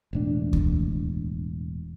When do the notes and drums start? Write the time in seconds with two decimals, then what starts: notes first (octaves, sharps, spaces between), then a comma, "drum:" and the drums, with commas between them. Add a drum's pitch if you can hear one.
0.13 E1 A2 D4
0.53 drum: kick D2